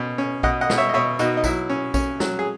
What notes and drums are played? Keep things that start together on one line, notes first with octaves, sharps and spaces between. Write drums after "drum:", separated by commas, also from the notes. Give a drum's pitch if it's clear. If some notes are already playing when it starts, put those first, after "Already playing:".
Already playing: B2 C#4
C#4
B2 D#5 F#5, drum: kick A#1
D#5 F#5
B2, drum: snare
C#5 E5
D#5
B2 C#5 E5
B2 D#4 F#4, drum: tambourine
D#4
F#3 E4, drum: kick A#1, tambourine
C#4
C#4, drum: kick A#1, tambourine
F#3, drum: snare
G#4